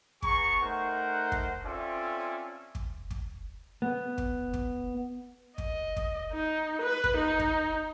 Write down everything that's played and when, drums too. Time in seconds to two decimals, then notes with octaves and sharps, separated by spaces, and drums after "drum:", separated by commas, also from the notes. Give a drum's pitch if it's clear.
0.22 B3 G#4 A#5 C#6, drum: kick
0.62 A3 D#4 A#4 C5 F#5
1.32 drum: kick
1.64 C4 C#4 F4 A4 D5 E5
2.75 drum: kick
3.11 drum: kick
3.82 B3
4.18 drum: kick
4.54 drum: kick
5.58 D#5, drum: kick
5.97 drum: kick
6.33 D#4
6.81 B4
7.04 drum: kick
7.17 D#4
7.40 drum: kick